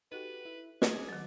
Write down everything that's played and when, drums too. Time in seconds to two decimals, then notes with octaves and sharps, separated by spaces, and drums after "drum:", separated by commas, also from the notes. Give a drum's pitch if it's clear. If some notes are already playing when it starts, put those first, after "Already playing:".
0.12 D#4 F#4 G4 A4 B4 F#6
0.45 E4
0.82 G#4 D6, drum: snare
1.09 D#3 F#3